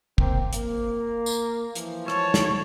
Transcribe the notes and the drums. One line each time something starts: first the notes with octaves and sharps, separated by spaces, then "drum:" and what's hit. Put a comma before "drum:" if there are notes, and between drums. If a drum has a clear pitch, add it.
A#3 C4, drum: kick
A#3, drum: hi-hat
drum: tambourine
E3 F3, drum: hi-hat
C#5 A5, drum: rim click
drum: snare